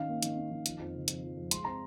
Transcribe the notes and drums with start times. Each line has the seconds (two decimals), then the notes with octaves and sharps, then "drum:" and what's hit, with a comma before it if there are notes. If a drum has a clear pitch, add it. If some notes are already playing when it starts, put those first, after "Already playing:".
Already playing: D#3 C#4 F5
0.09 A#3
0.23 D#3, drum: hi-hat
0.37 C#4
0.51 D#3
0.66 F3, drum: hi-hat
0.80 F2
0.94 C#3
1.08 F2, drum: hi-hat
1.22 F3
1.37 F2
1.51 G#3 C6, drum: hi-hat
1.65 C4 A#5